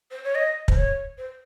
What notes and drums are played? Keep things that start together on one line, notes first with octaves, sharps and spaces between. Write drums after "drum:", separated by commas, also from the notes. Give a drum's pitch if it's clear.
C5
C#5
D#5
C5, drum: kick
C#5
C5